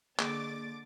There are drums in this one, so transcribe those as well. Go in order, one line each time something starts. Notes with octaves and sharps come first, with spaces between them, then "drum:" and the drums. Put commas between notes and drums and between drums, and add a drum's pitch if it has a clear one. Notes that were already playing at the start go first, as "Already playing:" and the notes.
D3 A#3 G#4 D6 A6, drum: clap